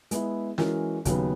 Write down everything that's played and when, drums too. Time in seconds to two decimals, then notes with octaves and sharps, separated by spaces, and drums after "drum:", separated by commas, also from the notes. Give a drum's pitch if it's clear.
0.11 G#3 B3 E4, drum: hi-hat
0.58 E3 G#3 C#4 F#4 A#4, drum: snare
1.05 D#2 C#3 F#3 B3, drum: kick, hi-hat